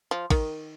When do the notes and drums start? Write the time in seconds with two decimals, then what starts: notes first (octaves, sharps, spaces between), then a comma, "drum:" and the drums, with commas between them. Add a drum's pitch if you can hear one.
0.11 F3
0.30 D#3, drum: kick A1, cymbal